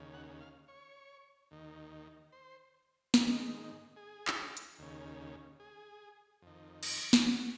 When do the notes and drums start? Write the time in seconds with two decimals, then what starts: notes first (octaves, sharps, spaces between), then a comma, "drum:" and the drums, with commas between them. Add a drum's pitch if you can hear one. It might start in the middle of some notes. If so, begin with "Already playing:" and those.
Already playing: D#2 C#3
0.14 F#5
0.41 F5
0.68 C#5
1.51 D#2 D#3
2.32 C5
3.14 G#2 D#3 A#4, drum: snare
3.96 G#4
4.27 drum: clap
4.57 drum: hi-hat
4.79 D#2 C#3
5.60 G#4
6.42 F2 D#3
6.83 drum: cymbal
7.13 F4, drum: snare
7.24 F#4